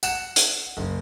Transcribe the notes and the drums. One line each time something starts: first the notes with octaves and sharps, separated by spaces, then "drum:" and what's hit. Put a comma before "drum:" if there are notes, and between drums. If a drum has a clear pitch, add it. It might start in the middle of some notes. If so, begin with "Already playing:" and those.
F#5 E7, drum: tambourine
drum: hi-hat
F#1